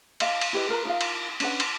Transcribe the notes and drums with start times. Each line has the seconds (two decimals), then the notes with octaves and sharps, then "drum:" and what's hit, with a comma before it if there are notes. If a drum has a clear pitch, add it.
0.20 D#5 F5, drum: cymbal
0.41 drum: cymbal
0.53 E4 G4 B4 D#5
0.69 F4 A#4 B4 A#5
0.85 D#4 F4 A#4 F5
1.01 drum: cymbal
1.40 C#4 D4 B4 F#5, drum: cymbal
1.60 drum: cymbal